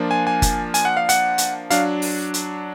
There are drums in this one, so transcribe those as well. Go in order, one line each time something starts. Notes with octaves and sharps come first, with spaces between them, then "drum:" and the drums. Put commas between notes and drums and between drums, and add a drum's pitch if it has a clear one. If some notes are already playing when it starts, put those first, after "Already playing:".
Already playing: F3 A#3 D4 F4
G#5
G#5
drum: kick F#1, hi-hat
G#5, drum: hi-hat
F#5
F5
F#5, drum: hi-hat
drum: hi-hat
F#3 D4 F5, drum: hi-hat
drum: open hi-hat
drum: hi-hat